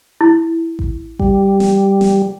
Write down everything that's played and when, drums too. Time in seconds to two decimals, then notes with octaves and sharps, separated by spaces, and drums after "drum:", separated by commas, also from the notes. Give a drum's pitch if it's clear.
0.21 E4
0.79 drum: kick A1
1.19 G3, drum: kick A1
1.60 drum: snare
2.01 drum: snare